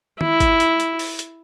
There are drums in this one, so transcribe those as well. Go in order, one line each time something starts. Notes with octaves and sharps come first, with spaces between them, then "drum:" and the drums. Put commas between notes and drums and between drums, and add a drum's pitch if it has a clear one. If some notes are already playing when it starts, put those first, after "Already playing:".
E4, drum: tom
drum: kick, hi-hat
drum: hi-hat
drum: hi-hat
drum: open hi-hat
drum: hi-hat